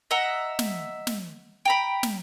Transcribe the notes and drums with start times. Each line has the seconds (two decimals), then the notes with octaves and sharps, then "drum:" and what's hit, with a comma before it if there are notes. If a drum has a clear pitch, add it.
0.11 D#5 E5 F#5 A#5
0.59 drum: snare
1.07 drum: snare
1.65 G5 A#5 B5
2.03 drum: snare